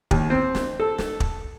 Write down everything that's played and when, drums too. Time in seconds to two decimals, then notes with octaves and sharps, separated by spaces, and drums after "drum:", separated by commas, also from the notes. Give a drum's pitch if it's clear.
0.11 D#2, drum: kick
0.30 C4
0.55 drum: snare
0.80 A4
0.98 drum: snare
1.20 drum: kick